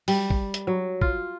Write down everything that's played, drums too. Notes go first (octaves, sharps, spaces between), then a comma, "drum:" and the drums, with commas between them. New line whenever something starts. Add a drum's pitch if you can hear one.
G3, drum: open hi-hat
drum: kick
drum: hi-hat
F#3
F4, drum: kick